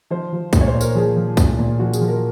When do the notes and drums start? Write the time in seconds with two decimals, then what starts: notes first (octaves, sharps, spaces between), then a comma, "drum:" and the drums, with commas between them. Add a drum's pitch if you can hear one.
0.10 F3 C5
0.33 F3
0.53 A#2, drum: kick C2, tambourine
0.61 C#5
0.67 C5
0.74 A#2
0.81 A#4, drum: tambourine
0.95 F3 G#4
1.16 F3
1.37 A#2, drum: kick C2, tambourine
1.59 A#2
1.79 F3 F#4
1.93 G#4, drum: tambourine
2.01 F3
2.08 A#4